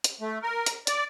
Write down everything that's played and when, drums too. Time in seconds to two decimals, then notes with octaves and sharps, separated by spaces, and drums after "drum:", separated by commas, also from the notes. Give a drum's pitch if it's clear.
0.04 drum: hi-hat
0.21 A3
0.42 A#4
0.66 drum: hi-hat
0.87 D5, drum: hi-hat